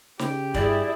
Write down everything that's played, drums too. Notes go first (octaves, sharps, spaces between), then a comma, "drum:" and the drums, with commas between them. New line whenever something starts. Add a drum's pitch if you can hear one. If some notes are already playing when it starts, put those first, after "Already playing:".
C#3 G4, drum: snare
G2 E4 G#4 D5, drum: kick